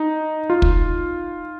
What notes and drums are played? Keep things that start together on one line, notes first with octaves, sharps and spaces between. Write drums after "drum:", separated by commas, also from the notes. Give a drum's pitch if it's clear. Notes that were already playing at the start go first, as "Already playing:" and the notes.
Already playing: D#4
F4
drum: kick